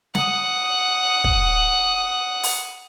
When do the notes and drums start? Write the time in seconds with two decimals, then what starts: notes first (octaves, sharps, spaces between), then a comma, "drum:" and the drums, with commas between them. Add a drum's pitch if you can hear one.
0.15 F#5 D#6, drum: snare
1.24 drum: kick
2.43 drum: open hi-hat